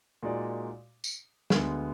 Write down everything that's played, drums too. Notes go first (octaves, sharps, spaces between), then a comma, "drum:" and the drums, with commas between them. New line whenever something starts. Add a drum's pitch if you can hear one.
A#2 G#3 D#4 F#4 D5
drum: tambourine
D2 D3 G#3 B3, drum: snare